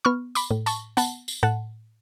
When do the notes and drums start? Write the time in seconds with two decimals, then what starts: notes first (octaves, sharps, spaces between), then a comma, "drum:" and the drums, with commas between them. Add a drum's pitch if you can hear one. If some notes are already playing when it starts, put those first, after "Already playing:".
0.05 B3 C#6 F6
0.35 B5 D6, drum: tambourine
0.51 A2
0.66 A5 C#6, drum: tambourine
0.97 B3 F#5 A5, drum: tambourine
1.28 drum: tambourine
1.43 A2 F#5 A5